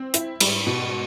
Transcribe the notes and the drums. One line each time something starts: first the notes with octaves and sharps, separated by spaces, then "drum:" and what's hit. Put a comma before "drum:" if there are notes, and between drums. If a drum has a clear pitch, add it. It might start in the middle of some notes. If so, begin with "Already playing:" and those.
Already playing: C4
E4, drum: hi-hat
G#2 G3, drum: cymbal
B2